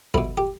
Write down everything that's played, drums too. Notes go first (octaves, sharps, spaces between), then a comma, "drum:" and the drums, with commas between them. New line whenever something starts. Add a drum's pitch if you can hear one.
B1 B2 E4, drum: kick
G4